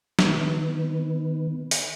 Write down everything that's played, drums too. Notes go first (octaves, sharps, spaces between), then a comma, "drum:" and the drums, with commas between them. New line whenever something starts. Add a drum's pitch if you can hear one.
D#3 B3, drum: snare
drum: open hi-hat